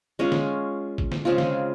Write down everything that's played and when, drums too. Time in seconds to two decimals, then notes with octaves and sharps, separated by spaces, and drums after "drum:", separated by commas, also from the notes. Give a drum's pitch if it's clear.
0.19 G#3 C#4 F4
0.32 drum: snare
0.98 drum: kick G#1
1.12 drum: snare
1.25 C#3 G#3 C4 F4
1.38 drum: snare